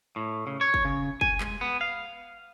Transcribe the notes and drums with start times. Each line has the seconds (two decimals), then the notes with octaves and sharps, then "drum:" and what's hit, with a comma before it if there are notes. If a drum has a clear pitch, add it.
0.16 A2
0.47 C#3
0.61 C#5
0.74 drum: kick
0.85 C#3
1.21 G#5, drum: kick
1.40 G#3, drum: clap
1.61 B3
1.81 F5